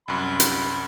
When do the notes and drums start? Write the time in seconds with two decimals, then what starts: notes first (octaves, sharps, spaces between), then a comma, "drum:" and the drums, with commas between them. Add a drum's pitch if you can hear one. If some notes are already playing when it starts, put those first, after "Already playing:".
0.08 C2 F#2 B5
0.40 drum: hi-hat